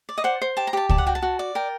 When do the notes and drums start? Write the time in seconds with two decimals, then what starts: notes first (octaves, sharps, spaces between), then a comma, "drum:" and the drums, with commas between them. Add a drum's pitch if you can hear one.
0.09 D5
0.18 D#5
0.24 C5 F#5
0.42 C5
0.57 G4 A5
0.67 A#5
0.73 G4 A5
0.89 D5 A5, drum: kick C#2
0.98 F#5
1.07 F#4 G5
1.15 A5
1.22 F#4
1.39 D5
1.55 A#4 G5